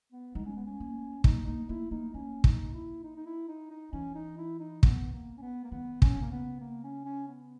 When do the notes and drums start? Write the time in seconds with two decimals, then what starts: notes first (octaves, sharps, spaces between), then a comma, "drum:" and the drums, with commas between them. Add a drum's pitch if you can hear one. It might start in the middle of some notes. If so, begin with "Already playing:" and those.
0.12 B3
0.35 G#3 D#4
0.45 C#4
0.56 B3
0.67 C#4
0.80 A#3
1.24 A#3 D#4, drum: kick
1.46 A#3 D#4
1.69 A#3 E4
1.91 A#3 D#4
2.14 A#3 C#4
2.44 D#4, drum: kick
2.73 E4
3.03 D#4
3.16 D#4
3.26 E4
3.48 D#4
3.71 D#4
3.92 E3 C#4
4.15 D#4
4.38 E4
4.59 D#4
4.83 B3, drum: kick
5.12 A#3
5.38 C#4
5.42 B3
5.64 A#3
5.71 D#3 B3
6.02 C#4, drum: kick
6.17 C#3 A#3
6.31 B3
6.61 A#3
6.84 C#4
7.05 C#4
7.28 B3